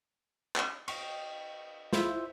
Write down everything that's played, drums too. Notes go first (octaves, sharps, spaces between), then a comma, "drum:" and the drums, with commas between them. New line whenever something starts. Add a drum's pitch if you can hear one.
drum: clap
D#5 G5 C#6, drum: cymbal
E4 F4 C5 E5, drum: snare